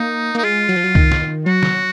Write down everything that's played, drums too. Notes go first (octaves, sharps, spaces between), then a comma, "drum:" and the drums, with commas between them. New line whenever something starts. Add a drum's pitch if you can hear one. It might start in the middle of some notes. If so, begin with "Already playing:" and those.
Already playing: A#3 D#4
A#3 D#4
G#3 F4
F#3
F3
F#3
D#3, drum: kick C2
drum: snare
F#3 F#4
drum: snare